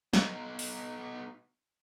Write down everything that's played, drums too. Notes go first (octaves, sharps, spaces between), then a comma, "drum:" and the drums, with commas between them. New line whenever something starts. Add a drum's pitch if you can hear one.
B2 D#4, drum: snare
drum: open hi-hat